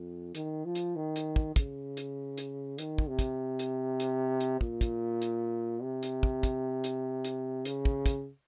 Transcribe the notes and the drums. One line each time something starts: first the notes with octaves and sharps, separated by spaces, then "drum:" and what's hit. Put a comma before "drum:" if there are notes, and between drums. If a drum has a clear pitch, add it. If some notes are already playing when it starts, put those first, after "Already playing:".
Already playing: F2
D#3, drum: hi-hat
F3
drum: hi-hat
D#3
drum: hi-hat
drum: kick
C#3, drum: kick, hi-hat
drum: hi-hat
drum: hi-hat
D#3, drum: hi-hat
drum: kick
C3
drum: kick, hi-hat
drum: hi-hat
drum: hi-hat
drum: hi-hat
A#2, drum: kick
drum: kick, hi-hat
drum: hi-hat
C3
drum: hi-hat
drum: kick
drum: kick, hi-hat
drum: hi-hat
drum: hi-hat
C#3, drum: hi-hat
drum: kick
drum: kick, hi-hat